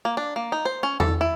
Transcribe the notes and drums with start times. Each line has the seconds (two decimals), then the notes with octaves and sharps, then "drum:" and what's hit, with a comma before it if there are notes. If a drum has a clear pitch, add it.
0.05 A#3
0.17 D4
0.36 A#3
0.52 D#4
0.65 C5
0.83 C#4
1.00 A4, drum: tom E2
1.21 E4